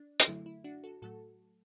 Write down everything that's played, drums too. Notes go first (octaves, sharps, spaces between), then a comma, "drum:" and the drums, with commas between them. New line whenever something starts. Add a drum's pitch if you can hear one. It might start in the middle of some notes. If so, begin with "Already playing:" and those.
Already playing: D4
D4, drum: hi-hat
F#2 D3 F#3 A3 E4
E4
D4 F#4
F#4 A4
A2 F#3 A3 F#4 A4